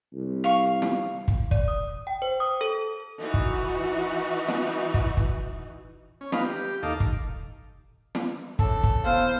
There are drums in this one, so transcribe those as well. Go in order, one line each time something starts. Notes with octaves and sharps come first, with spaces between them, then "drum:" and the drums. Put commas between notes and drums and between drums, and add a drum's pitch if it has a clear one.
C2
F5 C#6
drum: snare
drum: kick
D5, drum: kick
D#6
G5
C5
D#6
A4
E3 D#4 F#4
drum: kick
drum: snare
drum: kick
drum: kick
C#4
D#4 B4 F5, drum: snare
G4
D#2 D#4 A4 F5 D6
drum: kick
drum: snare
C#3 E3 D4 A4, drum: kick
drum: kick
B3 E4 C5 F5